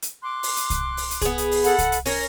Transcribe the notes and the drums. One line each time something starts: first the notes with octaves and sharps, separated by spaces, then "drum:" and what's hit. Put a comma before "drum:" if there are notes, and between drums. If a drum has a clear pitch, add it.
drum: hi-hat
C6 D6 F#6
drum: open hi-hat
drum: hi-hat
drum: kick C2, hi-hat
drum: open hi-hat
drum: hi-hat
B3 G#4, drum: kick C2, hi-hat
drum: hi-hat
drum: open hi-hat
A4 F#5 B5, drum: hi-hat
drum: kick C2, hi-hat
drum: hi-hat
C#4 A#4 C#5, drum: open hi-hat